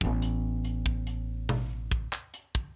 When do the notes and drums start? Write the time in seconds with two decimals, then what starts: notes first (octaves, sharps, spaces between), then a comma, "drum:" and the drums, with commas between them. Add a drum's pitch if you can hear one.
0.01 A1 B3, drum: kick
0.22 drum: hi-hat
0.65 drum: hi-hat
0.86 drum: kick
1.07 drum: hi-hat
1.49 drum: tom B2
1.91 drum: kick
2.13 drum: clap
2.34 drum: hi-hat
2.55 drum: kick